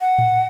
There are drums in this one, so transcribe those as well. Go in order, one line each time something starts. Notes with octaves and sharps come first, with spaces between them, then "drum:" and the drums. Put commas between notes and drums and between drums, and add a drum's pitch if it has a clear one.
F#5
drum: tom A2